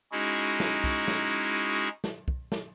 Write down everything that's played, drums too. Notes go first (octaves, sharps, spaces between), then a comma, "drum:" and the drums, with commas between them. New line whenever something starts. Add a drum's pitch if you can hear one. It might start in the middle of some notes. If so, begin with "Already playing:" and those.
G#3 C#4 D#4 E4 F#4 G#4
drum: snare
drum: kick
drum: snare
drum: snare
drum: kick
drum: snare